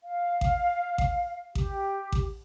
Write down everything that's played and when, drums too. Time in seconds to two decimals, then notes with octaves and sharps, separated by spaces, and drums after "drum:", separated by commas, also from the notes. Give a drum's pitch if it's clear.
0.03 F5
0.41 drum: kick A1
0.98 drum: kick A1
1.55 G4, drum: kick A1
2.12 drum: kick A1